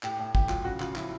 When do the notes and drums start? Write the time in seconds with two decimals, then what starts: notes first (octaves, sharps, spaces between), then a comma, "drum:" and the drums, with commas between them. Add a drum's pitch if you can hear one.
0.03 A2 G4, drum: clap
0.19 A2
0.35 A2 G4, drum: kick
0.49 F#3 F4, drum: clap
0.65 C#3 F#4
0.80 C#3 F4, drum: clap
0.96 F3 E4, drum: clap